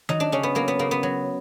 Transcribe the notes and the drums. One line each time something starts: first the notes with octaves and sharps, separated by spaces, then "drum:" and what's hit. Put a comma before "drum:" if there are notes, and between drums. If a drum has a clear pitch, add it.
F#3 D#4, drum: tom D#3
D4
C#3 C#4
B3
F#3 A#3
B3
C#3 A#3
B3
F#3